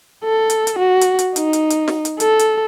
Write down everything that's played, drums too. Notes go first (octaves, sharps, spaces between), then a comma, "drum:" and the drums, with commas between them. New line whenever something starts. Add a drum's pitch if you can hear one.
A4
drum: hi-hat
drum: hi-hat
F#4
drum: hi-hat
drum: hi-hat
D#4, drum: hi-hat
drum: hi-hat
drum: hi-hat
drum: snare
drum: hi-hat
A4, drum: hi-hat
drum: hi-hat